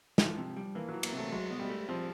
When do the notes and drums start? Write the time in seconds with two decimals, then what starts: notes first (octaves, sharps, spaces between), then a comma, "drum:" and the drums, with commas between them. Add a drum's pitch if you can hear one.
0.18 E3 F3, drum: snare
0.38 C3
0.57 G3
0.75 E3 A#3
0.89 F#3
0.93 E3
1.03 A#3, drum: cymbal
1.13 C3 A3
1.32 F#3 G#3
1.50 B2
1.59 G3
1.70 A3
1.89 F3 C4